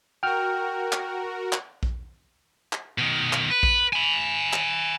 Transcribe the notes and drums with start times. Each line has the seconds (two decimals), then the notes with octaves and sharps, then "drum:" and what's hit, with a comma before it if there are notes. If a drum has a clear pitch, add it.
0.23 F#4 A#4 G5 F6
0.92 drum: clap
1.53 drum: clap
1.83 drum: kick A#1
2.73 drum: clap
2.98 B2 D#3
3.33 drum: clap
3.50 B4
3.63 drum: kick A#1
3.93 G#5 B5
4.53 drum: clap